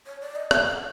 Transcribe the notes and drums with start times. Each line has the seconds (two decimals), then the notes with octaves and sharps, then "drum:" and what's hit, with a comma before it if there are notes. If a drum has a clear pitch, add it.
0.06 C#5
0.22 D5
0.36 D#5
0.51 F5, drum: rim click
0.67 F5
0.73 F#5